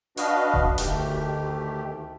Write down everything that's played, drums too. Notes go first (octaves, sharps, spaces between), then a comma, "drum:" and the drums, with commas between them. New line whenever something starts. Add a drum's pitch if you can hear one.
D4 F#4 B4 D#5 F5, drum: open hi-hat
drum: kick E1
D2 D#3 A3 G4, drum: hi-hat